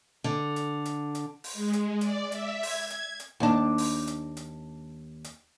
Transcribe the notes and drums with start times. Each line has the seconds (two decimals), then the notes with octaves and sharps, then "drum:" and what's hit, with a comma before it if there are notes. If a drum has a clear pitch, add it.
0.24 D3
0.56 drum: hi-hat
0.85 drum: hi-hat
1.15 drum: hi-hat
1.44 drum: open hi-hat
1.53 G#3
1.73 drum: hi-hat
2.01 D5, drum: hi-hat
2.32 E5, drum: hi-hat
2.63 G#6, drum: open hi-hat
2.90 drum: hi-hat
3.20 drum: hi-hat
3.40 D#2 D4
3.78 drum: open hi-hat
4.07 drum: hi-hat
4.37 drum: hi-hat
5.24 drum: hi-hat